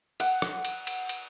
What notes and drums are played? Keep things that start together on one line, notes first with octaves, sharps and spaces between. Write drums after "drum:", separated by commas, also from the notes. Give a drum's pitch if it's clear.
F#5, drum: cymbal
drum: rim click
drum: cymbal
drum: cymbal
drum: cymbal